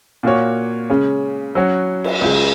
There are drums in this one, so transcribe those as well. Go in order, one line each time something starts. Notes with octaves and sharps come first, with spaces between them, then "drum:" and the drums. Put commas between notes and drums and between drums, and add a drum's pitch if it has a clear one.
A#2 A#3 F#4 C#5
C#3 G#3 C#4
F#3 C#4 F#4 C#5
drum: cymbal
C#2 C#3 G#3